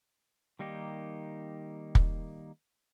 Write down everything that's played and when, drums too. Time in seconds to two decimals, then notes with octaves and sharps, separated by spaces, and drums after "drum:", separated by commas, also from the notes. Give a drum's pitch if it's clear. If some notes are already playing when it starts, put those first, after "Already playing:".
0.59 D#3 G3 A#3 D#4 G4
1.95 drum: kick